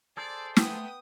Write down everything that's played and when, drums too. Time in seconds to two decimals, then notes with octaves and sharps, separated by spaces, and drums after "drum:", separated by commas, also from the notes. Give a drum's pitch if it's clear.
0.17 G#4 A4 C5 D5
0.56 A3 B3 G5 D#6, drum: snare